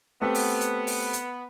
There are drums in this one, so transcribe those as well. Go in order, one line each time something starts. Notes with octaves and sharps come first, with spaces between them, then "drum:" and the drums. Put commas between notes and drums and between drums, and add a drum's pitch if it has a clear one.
A3 B3 C4 G4
drum: open hi-hat
drum: hi-hat
drum: open hi-hat
drum: hi-hat